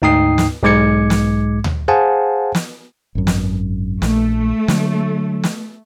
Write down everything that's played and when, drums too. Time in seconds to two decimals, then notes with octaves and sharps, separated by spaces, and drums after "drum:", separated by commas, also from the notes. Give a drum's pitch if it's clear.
0.02 D2 G#2 D#4 G5 D#6 C7
0.38 drum: snare
0.63 B1 G#2 G#3 D6 G#6 C#7
1.10 drum: snare
1.64 drum: tom D2
1.88 G#4 C5 F5 F#5 G#5 A5
2.55 drum: snare
3.15 G#1 F#2
3.27 drum: snare
4.02 A#1 A3, drum: snare
4.68 D3 F#3, drum: snare
5.43 drum: snare